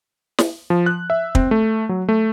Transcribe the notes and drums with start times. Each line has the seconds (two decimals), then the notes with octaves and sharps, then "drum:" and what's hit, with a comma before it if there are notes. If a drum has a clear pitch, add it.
0.38 drum: snare
0.70 F3
0.86 F#6
1.10 E5
1.35 C4, drum: kick
1.51 A3
1.89 F#3
2.09 A3